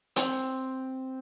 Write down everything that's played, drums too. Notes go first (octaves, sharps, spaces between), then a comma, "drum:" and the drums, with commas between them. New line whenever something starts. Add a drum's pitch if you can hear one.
C4, drum: hi-hat